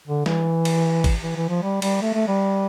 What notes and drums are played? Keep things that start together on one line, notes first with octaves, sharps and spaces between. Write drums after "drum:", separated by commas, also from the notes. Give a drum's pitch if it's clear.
D3
E3, drum: snare
drum: cymbal
drum: kick, cymbal
E3
E3
F3
G3
G3, drum: cymbal
A3
A3
G3